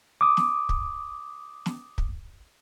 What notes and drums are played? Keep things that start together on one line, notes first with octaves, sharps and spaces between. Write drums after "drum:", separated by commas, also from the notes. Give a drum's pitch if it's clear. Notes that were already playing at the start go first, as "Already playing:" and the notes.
D6 D#6
drum: snare
drum: kick
drum: snare
drum: kick